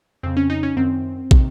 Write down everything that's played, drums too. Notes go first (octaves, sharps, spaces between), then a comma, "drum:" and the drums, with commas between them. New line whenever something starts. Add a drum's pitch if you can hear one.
F2 C#3 C4
C#4
D#4
C#4
F#2 D#3 C4
C3 D#3, drum: kick